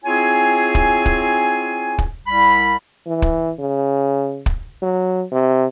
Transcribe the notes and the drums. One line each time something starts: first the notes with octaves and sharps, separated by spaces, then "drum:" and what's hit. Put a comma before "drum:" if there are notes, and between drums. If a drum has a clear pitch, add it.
C4 E4 F4 G#4 C#5 G#5
drum: kick
drum: kick
drum: kick
C2 G3 B5
E3
drum: kick
C#3
drum: kick
F#3
C3